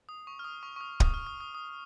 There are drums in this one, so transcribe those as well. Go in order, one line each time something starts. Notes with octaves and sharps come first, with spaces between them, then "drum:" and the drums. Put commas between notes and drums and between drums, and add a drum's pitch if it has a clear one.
D#6
C#6
F6
D#6
C#6
C#6
D#6
D#6, drum: kick
F6
D#6
D#6
D#6